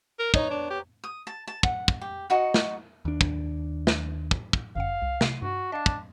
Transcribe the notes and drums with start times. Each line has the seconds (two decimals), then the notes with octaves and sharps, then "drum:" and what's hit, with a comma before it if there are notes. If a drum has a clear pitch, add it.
0.19 A#4
0.34 B3 D#4 C#5 A#5, drum: kick
0.50 D4
0.70 G4
1.04 D#6
1.27 A5
1.48 A5
1.63 F#5, drum: kick
1.88 drum: kick
2.01 G4
2.30 D#4 F#4 F#5
2.54 drum: snare
3.05 D#2 D4
3.21 drum: kick
3.87 drum: snare
4.31 drum: kick
4.53 drum: kick
4.75 G1 F#2 F5 F#5
5.02 C2
5.21 C3 C7 D#7, drum: snare
5.42 G2 F#4
5.72 D4 D#5 F5
5.86 drum: kick